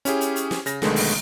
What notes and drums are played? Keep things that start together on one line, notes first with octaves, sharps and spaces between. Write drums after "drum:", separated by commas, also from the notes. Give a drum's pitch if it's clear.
C#4 E4 G4 G#4, drum: hi-hat
drum: hi-hat
drum: hi-hat
drum: snare
C#3 A#6, drum: hi-hat
B1 D3 D#3 G#3 A3 B3, drum: snare
drum: open hi-hat